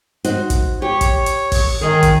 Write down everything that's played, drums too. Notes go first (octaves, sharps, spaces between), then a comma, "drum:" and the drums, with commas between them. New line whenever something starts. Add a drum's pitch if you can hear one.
D#4 F#4 C5, drum: hi-hat
drum: kick, hi-hat
G4 C#5
drum: kick, hi-hat
drum: hi-hat
drum: kick, open hi-hat
D#3 G#4 A#4 D#5
drum: kick, hi-hat